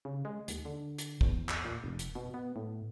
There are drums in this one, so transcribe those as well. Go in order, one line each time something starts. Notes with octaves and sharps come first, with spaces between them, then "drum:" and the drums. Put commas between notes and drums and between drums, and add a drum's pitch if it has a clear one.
C#3
G#3
D#2, drum: hi-hat
D3
drum: hi-hat
E2, drum: kick
drum: clap
A#2
F1
drum: hi-hat
B2
B3
A2